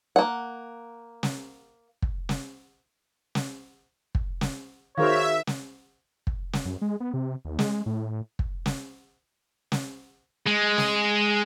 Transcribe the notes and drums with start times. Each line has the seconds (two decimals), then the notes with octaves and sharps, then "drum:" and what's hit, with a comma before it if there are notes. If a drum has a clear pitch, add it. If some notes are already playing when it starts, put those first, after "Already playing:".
0.16 A#3 F#5
1.23 drum: snare
2.02 drum: kick
2.29 drum: snare
3.35 drum: snare
4.15 drum: kick
4.41 drum: snare
4.98 D#3 F#4 G#4 A#4 C5 C#5 E5 F5
5.47 drum: snare
6.27 drum: kick
6.53 drum: snare
6.65 F#2
6.82 G#3
7.00 B3
7.14 C3
7.45 D#2
7.59 G#3, drum: snare
7.86 A2
8.39 drum: kick
8.66 drum: snare
9.72 drum: snare
10.47 G#3
10.78 drum: snare